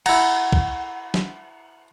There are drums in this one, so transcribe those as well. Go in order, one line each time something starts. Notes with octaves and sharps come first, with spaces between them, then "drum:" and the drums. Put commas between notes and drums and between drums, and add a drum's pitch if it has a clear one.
E4 F#5 A#5, drum: cymbal
drum: kick
drum: snare